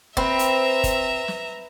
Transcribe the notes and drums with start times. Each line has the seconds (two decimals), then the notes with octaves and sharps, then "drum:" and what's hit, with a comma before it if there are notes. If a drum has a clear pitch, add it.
0.17 C4 B4 E5 A#5 B5, drum: kick
0.39 drum: hi-hat
0.84 drum: kick, hi-hat
1.28 drum: snare